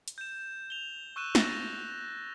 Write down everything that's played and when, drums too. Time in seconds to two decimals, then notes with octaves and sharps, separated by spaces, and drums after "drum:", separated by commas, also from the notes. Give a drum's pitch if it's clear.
0.08 drum: hi-hat
0.18 G6 E7
0.70 F7 G7
1.16 C#6 E6 F#6 D#7 E7
1.35 A6 A#6, drum: snare